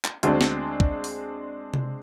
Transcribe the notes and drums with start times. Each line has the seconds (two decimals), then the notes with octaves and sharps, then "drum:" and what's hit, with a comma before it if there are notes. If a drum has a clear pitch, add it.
0.05 drum: clap
0.23 D2 G#3 C4 D4, drum: hi-hat
0.41 drum: snare
0.80 drum: kick
1.04 drum: open hi-hat
1.74 drum: tom C3